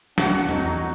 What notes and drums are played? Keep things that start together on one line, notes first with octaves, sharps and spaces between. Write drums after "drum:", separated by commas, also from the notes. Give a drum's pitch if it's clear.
D4 F#4 F#5, drum: snare
E2 E3 F#3 C4 D#4